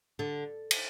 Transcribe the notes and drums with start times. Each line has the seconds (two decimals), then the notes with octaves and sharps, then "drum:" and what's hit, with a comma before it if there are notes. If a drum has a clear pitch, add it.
0.19 D3
0.71 drum: cymbal